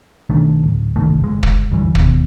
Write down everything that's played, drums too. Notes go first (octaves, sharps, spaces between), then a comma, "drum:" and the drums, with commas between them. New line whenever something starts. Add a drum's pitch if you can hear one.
B1 D#3 A3 D4
D1
G1 C2 D#3 A3
G1 G#3
drum: kick
D2 G2 E3
D#2 B2, drum: kick